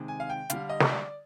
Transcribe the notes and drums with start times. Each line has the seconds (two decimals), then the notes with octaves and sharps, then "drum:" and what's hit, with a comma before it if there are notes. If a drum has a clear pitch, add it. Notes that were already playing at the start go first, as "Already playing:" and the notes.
Already playing: C3 D#3 G#3
0.08 G#5
0.20 F5
0.30 G5
0.50 D3 G3 F5, drum: hi-hat
0.69 D#5
0.80 drum: snare
0.91 D5